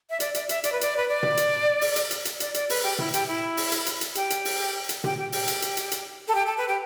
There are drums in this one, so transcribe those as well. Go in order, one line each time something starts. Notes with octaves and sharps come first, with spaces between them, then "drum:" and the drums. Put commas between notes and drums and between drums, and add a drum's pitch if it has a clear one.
E5
D5, drum: hi-hat
D5, drum: hi-hat
E5, drum: hi-hat
D5, drum: hi-hat
B4
D5, drum: hi-hat
B4
D5
drum: tom
drum: hi-hat
drum: open hi-hat
drum: hi-hat
drum: hi-hat
drum: hi-hat
D5, drum: hi-hat
D5, drum: hi-hat
B4, drum: open hi-hat
G4
E4, drum: tom
G4, drum: hi-hat
E4
drum: open hi-hat
drum: hi-hat
drum: hi-hat
drum: hi-hat
G4, drum: hi-hat
drum: hi-hat
drum: open hi-hat
drum: hi-hat
G4, drum: tom
G4
G4, drum: open hi-hat
drum: hi-hat
drum: hi-hat
drum: hi-hat
drum: hi-hat
A4
G4
A4
B4
G4